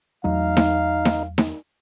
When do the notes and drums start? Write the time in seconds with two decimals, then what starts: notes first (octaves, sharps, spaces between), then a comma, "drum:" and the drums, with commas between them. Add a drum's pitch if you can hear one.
0.24 E2 F#3 A3 D#4 F5
0.57 drum: snare D#4
1.05 drum: snare D#4
1.38 drum: snare D#4